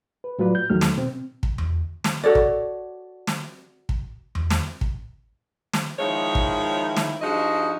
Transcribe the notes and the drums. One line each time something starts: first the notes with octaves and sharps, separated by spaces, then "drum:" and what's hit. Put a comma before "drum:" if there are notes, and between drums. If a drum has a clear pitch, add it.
B4
A2 F#3 F4 B4 D5
G6
E2 D#3 F#3 A3 F6
drum: snare
B2 C4
drum: kick
drum: tom E2
drum: snare
F#4 A4 C#5 D5
drum: kick
drum: snare
drum: kick
drum: tom E2
drum: snare
drum: kick
drum: snare
D#3 F3 G#3 E4 C#5
drum: kick
drum: snare
G2 F3 D#4 F#4 G#4 D#5